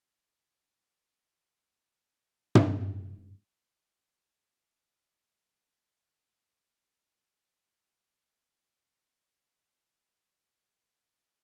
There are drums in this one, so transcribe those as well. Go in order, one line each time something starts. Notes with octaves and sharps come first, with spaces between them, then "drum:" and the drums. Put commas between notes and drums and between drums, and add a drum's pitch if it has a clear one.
D#3 E3 A#4
G3
F3 A3 B3
E3 C#4 F4 C5
drum: tom
E4 C#6
F#5
F#2 A#4 D5 C6 C#6 D#6
A#3 G4